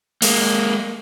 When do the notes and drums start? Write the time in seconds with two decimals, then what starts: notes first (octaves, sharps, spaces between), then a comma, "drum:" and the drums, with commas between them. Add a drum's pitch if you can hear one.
0.22 G#3 A#3, drum: open hi-hat